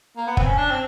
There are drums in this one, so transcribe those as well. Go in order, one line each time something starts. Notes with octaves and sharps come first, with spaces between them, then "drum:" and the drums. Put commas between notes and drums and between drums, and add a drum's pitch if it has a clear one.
A#3
B3
C4, drum: kick
C#4
D4
C4